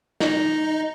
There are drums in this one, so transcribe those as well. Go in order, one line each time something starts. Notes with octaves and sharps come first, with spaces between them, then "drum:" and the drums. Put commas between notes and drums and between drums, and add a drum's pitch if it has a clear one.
D#4, drum: snare